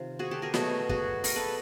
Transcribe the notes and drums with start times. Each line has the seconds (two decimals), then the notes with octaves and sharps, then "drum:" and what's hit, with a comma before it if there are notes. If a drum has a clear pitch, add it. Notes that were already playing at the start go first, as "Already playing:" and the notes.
Already playing: C3 D#3 F4
0.19 F#4 G#4
0.31 G4 A4
0.42 G#4 A#4
0.54 B2 F#3 A3 F#4 G#4, drum: snare
0.89 F#4 G#4, drum: kick
1.24 G#4 A#4, drum: open hi-hat
1.36 A4 B4